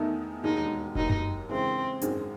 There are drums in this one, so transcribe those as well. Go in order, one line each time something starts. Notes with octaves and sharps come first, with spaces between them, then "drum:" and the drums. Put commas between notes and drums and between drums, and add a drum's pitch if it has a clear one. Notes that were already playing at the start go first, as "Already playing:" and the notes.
Already playing: E2 D#3 A3 D#4
E1 D#2 D#3 G#3 D#4
D#2 D#3 F#3 D#4, drum: kick E1
drum: tom F#2
C#3 E3 G#3 C4
G#1 F#2 D#3 G#3 C4, drum: hi-hat